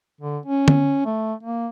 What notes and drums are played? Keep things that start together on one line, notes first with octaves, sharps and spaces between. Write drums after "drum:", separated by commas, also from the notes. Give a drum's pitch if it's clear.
D3
C#4
drum: tom D3
A3
A#3